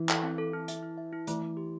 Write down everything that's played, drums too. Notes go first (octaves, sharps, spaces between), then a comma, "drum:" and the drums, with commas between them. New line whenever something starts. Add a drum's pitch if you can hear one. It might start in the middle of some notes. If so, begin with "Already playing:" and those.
Already playing: E3
A4, drum: clap
C4
A4
E4
E5, drum: hi-hat
E4
E5
E4
E3 A3, drum: hi-hat
A3
G4